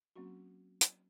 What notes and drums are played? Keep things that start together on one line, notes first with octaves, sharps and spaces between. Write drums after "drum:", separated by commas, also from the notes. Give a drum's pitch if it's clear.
F#3 A#3 C4 C#4 F#4
drum: hi-hat